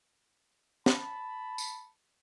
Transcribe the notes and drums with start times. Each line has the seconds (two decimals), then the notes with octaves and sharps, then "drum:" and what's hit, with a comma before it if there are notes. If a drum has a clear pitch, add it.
0.86 A5 B5, drum: snare
1.58 drum: tambourine